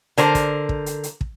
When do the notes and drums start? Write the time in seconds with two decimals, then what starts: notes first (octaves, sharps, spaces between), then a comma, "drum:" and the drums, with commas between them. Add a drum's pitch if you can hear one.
0.18 D3 A#4 C5, drum: hi-hat
0.35 drum: kick, hi-hat
0.69 drum: kick
0.86 drum: hi-hat
1.03 drum: hi-hat
1.21 drum: kick